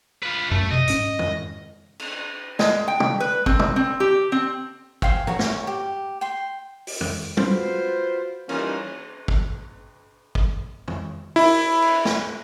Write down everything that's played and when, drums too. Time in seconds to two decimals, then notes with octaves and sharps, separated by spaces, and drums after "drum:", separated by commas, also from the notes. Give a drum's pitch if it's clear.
0.23 F4 B4
0.51 F#2 A3
0.72 C3 D#5
0.87 G#2 C#4, drum: hi-hat
1.19 drum: tom
1.99 drum: cymbal
2.59 G#3, drum: snare
2.88 G5
3.00 drum: tom
3.20 B4
3.46 C4, drum: kick
3.59 drum: tom
3.76 C4
4.00 G4
4.32 C4
5.02 C5 F5 G5 G#5, drum: kick
5.27 F#4 C#5 A#5, drum: tom G#2
5.39 drum: snare
5.67 G4
6.21 G5 C6
6.87 drum: open hi-hat
7.01 drum: tom
7.37 F4 F#4 B4 C5, drum: tom
8.49 E3 G3 A#3 C#4 D#4 F4, drum: cymbal
9.28 drum: kick
10.35 drum: kick
10.88 drum: tom
11.36 E4, drum: open hi-hat
11.82 drum: cymbal
12.05 drum: snare